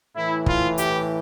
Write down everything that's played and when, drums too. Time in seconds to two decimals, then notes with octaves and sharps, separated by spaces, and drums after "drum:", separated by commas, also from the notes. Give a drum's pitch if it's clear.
0.15 A2 E3 E4
0.46 F4, drum: kick
0.78 G4, drum: hi-hat